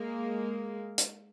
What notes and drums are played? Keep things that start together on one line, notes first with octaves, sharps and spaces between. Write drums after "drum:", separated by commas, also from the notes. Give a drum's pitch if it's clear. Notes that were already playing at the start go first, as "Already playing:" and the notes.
Already playing: G#3 A#3
drum: hi-hat